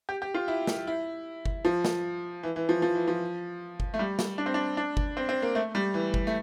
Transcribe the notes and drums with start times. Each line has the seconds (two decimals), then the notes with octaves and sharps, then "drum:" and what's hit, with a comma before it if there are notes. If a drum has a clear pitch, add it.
0.09 G4
0.22 G4
0.35 F4
0.48 E4
0.67 drum: snare
0.87 E4
1.45 drum: kick G1
1.65 F3
1.85 drum: snare
2.43 E3
2.56 E3
2.69 F3
2.82 F3
2.95 E3
3.08 F3
3.80 drum: kick G1
3.94 A3
3.99 G3
4.19 drum: snare
4.38 D4
4.46 C4
4.54 D4
4.77 D4
4.97 drum: kick G1
5.17 C4
5.29 C4
5.42 A#3
5.55 A3
5.75 G3
5.94 E3
6.14 drum: kick G1
6.27 A3